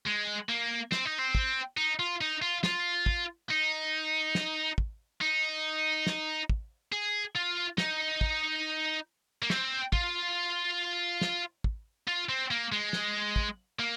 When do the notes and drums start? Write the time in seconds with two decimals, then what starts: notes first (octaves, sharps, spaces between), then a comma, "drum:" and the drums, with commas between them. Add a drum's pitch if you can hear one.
0.06 G#3
0.49 A#3
0.92 C4, drum: snare
1.06 D#4
1.19 C4
1.35 drum: kick
1.77 D#4
1.99 F4
2.21 D#4
2.42 F4
2.63 F4, drum: snare
3.06 drum: kick
3.49 D#4
4.35 drum: snare
4.78 drum: kick
5.21 D#4
6.07 drum: snare
6.50 drum: kick
6.93 G#4
7.36 F4
7.78 D#4, drum: snare
8.21 drum: kick
9.42 A#3
9.50 C4, drum: snare
9.93 F4, drum: kick
11.21 drum: snare
11.64 drum: kick
12.07 F4
12.29 C4
12.51 A#3
12.72 G#3
12.93 drum: snare
13.36 drum: kick
13.79 A#3